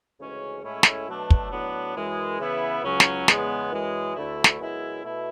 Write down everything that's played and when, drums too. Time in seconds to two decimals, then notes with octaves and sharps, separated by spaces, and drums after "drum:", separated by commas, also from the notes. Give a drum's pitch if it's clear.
0.19 D2 C#3 E3 G#3 C#4
0.63 A2 G#3 C#4 E4
0.83 drum: snare
1.08 B2 F#3 A3 D4
1.30 drum: kick
1.51 A2 F#3 B3 D4
1.96 F#2 E3 G#3
2.39 C#3 E3 B3 E4
2.83 C#2 C#3 F#3 C#4
3.00 drum: snare
3.28 E2 C#3 G#3 B3, drum: snare
3.71 F#2 E3 G#3
4.16 D2 D3 A3 E4
4.44 drum: snare
4.59 F#2 C#3 G#3 B3 E4
5.03 B2 A3 E4